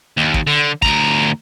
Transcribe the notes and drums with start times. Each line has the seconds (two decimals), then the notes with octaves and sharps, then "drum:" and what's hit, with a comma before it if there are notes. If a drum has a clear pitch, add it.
0.17 D#2
0.34 drum: kick
0.47 D3
0.82 D2 A#5, drum: kick